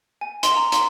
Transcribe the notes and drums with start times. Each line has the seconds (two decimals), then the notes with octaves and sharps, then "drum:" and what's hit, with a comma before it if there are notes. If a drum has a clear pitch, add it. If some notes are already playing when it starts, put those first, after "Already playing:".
0.21 G#5
0.43 C6, drum: hi-hat
0.56 A#5
0.72 C6, drum: hi-hat